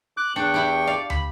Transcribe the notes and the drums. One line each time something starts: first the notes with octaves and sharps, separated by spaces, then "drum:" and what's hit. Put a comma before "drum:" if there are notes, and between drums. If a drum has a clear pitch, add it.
D6 F#6
E2 D4 G5 C#6
E4 G4
D5 F5
B5, drum: tom